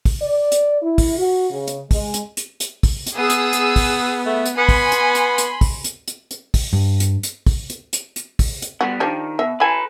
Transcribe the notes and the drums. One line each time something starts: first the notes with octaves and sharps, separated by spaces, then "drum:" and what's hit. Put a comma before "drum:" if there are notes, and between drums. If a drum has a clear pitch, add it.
drum: kick, open hi-hat
D5
drum: hi-hat
E4
drum: kick, open hi-hat
F#4
C#3
drum: hi-hat
G#3, drum: kick, open hi-hat
drum: hi-hat
drum: hi-hat
drum: hi-hat
drum: kick, open hi-hat
drum: hi-hat
B3 G#4 D#6 E6
drum: hi-hat
drum: hi-hat
drum: kick, open hi-hat
A3
drum: hi-hat
B3 G#5 B5 C6
drum: kick, open hi-hat
drum: hi-hat
drum: hi-hat
drum: hi-hat
drum: kick, open hi-hat
drum: hi-hat
drum: hi-hat
drum: hi-hat
drum: kick, open hi-hat
G2
drum: hi-hat
drum: hi-hat
drum: kick, open hi-hat
drum: hi-hat
drum: hi-hat
drum: hi-hat
drum: kick, open hi-hat
drum: hi-hat
G3 B3 F#4
D#3 F3 G3 D4
B2 E5
E4 A4 B4 G#5